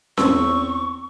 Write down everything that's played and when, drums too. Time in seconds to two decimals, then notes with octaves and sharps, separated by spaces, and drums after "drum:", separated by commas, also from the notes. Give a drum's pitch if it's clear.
0.18 E2 C4 C#6 E6, drum: snare C#4